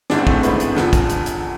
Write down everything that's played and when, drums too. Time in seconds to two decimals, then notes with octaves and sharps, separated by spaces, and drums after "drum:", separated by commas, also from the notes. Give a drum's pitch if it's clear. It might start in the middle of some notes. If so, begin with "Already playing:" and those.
0.10 G#1 G#2 E3 D4, drum: snare
0.19 C4
0.27 A3, drum: kick
0.43 G#1 G#2 E3 B3, drum: hi-hat
0.60 drum: hi-hat
0.76 F1 E2 D3 F3, drum: snare
0.93 drum: kick, hi-hat
1.09 drum: hi-hat
1.26 drum: hi-hat